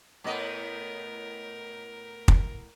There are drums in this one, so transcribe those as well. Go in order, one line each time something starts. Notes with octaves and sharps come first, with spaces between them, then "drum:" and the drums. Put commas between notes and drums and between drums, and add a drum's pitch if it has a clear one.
A2 B3 A#4 D#5
drum: kick